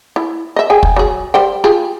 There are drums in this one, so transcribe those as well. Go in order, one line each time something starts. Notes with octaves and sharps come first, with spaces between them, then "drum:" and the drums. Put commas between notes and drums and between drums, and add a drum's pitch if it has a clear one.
E4
D#5 E5
G#4 G5 G#5
drum: kick
F#3 G#4
G3 C5 G5
F4 G4 G#4